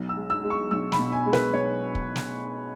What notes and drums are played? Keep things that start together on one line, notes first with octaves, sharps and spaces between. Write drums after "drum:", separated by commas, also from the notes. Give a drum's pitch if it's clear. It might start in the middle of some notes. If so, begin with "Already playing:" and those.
Already playing: B1
E6
G#3
E6
G#3
C#6
B1 E6
B5, drum: snare
B2
G#5
G#3
B4, drum: snare
B2 C#5
drum: kick
drum: snare